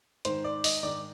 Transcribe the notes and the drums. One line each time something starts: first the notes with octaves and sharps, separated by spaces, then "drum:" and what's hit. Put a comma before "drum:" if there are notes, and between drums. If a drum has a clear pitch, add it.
G#2 D#3 C5, drum: hi-hat
D5
D#5, drum: open hi-hat
G#2 D#3 D5